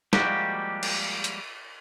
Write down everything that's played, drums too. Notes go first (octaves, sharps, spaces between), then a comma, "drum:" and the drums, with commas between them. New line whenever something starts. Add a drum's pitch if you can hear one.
F3 G3 G#3 A#3 F#4 G4, drum: snare
drum: cymbal
drum: hi-hat